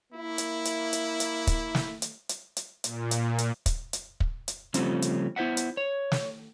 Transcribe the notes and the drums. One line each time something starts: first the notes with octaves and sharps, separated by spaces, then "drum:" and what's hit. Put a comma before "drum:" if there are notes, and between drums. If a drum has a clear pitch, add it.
A#3 E4
drum: hi-hat
drum: hi-hat
drum: hi-hat
drum: hi-hat
drum: kick, hi-hat
drum: snare
drum: hi-hat
drum: hi-hat
drum: hi-hat
A#2, drum: hi-hat
drum: hi-hat
drum: hi-hat
drum: kick, hi-hat
drum: hi-hat
drum: kick
drum: hi-hat
C#3 F3 G3 A3 C4 C#4, drum: hi-hat
drum: hi-hat
B3 E4 C5 E5 F#5
drum: hi-hat
C#5
drum: snare